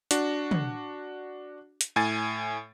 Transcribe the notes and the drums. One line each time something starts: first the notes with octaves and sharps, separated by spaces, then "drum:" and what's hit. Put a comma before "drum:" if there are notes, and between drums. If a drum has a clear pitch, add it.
D4 F#4, drum: hi-hat
drum: tom
drum: hi-hat
A2 G#5 A6